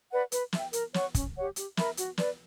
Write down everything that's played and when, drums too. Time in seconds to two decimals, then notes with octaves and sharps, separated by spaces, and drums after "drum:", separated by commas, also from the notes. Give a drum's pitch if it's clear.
0.12 B4 D5 F#5
0.32 B4, drum: hi-hat
0.53 E5 G5, drum: snare
0.73 A#4, drum: hi-hat
0.94 C#5 F#5 C#6, drum: snare
1.15 C#4, drum: kick, hi-hat
1.35 G4 C#5 F#5
1.56 G4, drum: hi-hat
1.77 A#4 E5 B5, drum: snare
1.97 F#4, drum: hi-hat
2.18 B4 D5, drum: snare